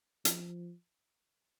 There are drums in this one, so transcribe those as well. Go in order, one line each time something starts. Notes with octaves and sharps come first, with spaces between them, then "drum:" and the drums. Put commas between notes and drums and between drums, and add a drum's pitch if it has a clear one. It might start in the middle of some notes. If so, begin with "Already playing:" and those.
F3, drum: hi-hat